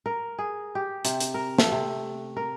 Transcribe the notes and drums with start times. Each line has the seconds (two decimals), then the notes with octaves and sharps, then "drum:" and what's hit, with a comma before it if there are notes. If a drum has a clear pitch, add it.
0.06 A#4
0.39 G#4
0.75 G4
1.05 C3, drum: hi-hat
1.20 drum: hi-hat
1.34 A#4
1.58 A3, drum: snare
1.72 C3
2.37 A#4